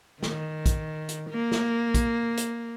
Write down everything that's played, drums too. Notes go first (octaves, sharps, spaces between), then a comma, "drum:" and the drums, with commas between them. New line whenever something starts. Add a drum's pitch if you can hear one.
D#3, drum: snare
drum: kick, hi-hat
drum: hi-hat
A#3
drum: snare
drum: kick, hi-hat
drum: hi-hat